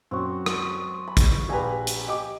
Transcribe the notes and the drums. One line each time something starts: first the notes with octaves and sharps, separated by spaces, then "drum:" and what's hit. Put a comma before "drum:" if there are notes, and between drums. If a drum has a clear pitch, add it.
F#2 C4 F#4
drum: rim click
B5
drum: kick, hi-hat
A#1 G4 B4 G#5 A#5
drum: hi-hat
G4 D#5 D6